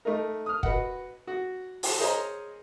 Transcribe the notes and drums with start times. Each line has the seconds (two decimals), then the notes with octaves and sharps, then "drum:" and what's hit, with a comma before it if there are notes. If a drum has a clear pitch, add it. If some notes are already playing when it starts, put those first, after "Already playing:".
0.05 A3 D#4 A#4
0.46 D#6 F6
0.63 F#4 B4 D#5 F#5, drum: kick
1.27 F#4
1.83 drum: open hi-hat
1.99 G#4 A#4 C5 C#5 D#5 A#5